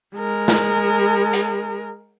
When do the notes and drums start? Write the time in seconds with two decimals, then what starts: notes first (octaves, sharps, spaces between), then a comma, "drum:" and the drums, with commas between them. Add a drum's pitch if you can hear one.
0.15 G#3 A#4
0.48 drum: snare
1.33 drum: hi-hat